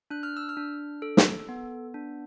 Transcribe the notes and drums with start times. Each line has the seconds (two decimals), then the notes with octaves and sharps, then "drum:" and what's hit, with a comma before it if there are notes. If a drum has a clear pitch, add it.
0.11 D4 F#6
0.23 F6
0.37 E6
0.49 F6
0.57 D4
1.02 A4
1.17 drum: snare
1.49 B3
1.94 D4